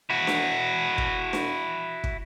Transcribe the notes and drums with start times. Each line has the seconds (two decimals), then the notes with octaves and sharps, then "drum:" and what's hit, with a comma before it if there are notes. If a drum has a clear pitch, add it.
0.10 E4 F#4
0.27 drum: snare D4
0.98 drum: kick
1.33 drum: snare D4
2.04 drum: kick